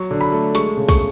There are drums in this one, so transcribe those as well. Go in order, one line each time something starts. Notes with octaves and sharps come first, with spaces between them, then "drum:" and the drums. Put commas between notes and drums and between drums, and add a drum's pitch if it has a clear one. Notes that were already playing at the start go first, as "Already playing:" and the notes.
Already playing: F#3 C#6
D3
B5
A3
G#3 C#6, drum: hi-hat
C#3
C#6, drum: kick, open hi-hat